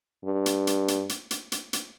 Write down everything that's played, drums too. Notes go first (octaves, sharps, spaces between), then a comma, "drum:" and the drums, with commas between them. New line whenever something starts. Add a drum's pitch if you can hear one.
G2
drum: hi-hat
drum: hi-hat
drum: hi-hat
drum: hi-hat
drum: hi-hat
drum: hi-hat
drum: hi-hat